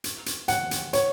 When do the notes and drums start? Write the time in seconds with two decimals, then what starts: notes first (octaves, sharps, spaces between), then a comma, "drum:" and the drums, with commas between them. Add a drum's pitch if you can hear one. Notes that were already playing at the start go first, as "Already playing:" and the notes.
0.04 drum: hi-hat
0.26 drum: hi-hat
0.48 F#5, drum: hi-hat
0.71 drum: hi-hat
0.93 C#5, drum: hi-hat